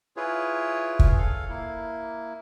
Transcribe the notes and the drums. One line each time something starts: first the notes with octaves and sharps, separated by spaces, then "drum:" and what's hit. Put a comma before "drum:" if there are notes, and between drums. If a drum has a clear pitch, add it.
E4 F4 G#4 B4 C#5
drum: kick
A4 F5
A#3 E4